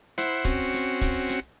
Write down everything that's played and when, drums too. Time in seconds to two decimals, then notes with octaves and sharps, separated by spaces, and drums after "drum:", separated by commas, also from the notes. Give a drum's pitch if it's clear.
0.18 E4 C5 F#5, drum: hi-hat
0.45 C4 C#4 F#4, drum: kick, hi-hat
0.73 drum: hi-hat
1.01 drum: kick, hi-hat
1.29 drum: hi-hat